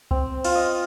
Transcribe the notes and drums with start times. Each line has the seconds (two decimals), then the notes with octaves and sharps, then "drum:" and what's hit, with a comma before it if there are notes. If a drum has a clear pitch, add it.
0.11 C4, drum: kick
0.44 F4, drum: cymbal
0.55 D#5